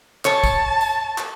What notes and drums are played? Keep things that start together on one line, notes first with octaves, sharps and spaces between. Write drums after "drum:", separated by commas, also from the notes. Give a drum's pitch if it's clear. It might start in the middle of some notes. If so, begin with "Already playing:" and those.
C#5 A5, drum: clap
drum: kick, tambourine
drum: tambourine
drum: clap